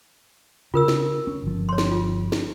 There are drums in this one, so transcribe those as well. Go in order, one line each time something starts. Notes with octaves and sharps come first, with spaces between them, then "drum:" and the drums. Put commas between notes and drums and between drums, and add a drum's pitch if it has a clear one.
C#3 F4 A#4 E6
drum: snare
C#4
G1 F3
C#5 C6
drum: snare
F4
drum: snare